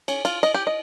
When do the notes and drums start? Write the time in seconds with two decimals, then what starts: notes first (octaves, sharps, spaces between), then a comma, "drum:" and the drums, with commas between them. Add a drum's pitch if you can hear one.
0.08 C#4, drum: cymbal
0.25 F4, drum: cymbal
0.43 D#5, drum: cymbal
0.54 G4
0.67 D#5